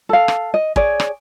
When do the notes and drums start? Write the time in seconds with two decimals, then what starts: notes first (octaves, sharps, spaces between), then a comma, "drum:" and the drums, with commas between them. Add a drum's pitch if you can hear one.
0.09 A4 F5
0.28 drum: rim click
0.54 D#5
0.76 G#4 C#5 D5, drum: kick
1.00 drum: rim click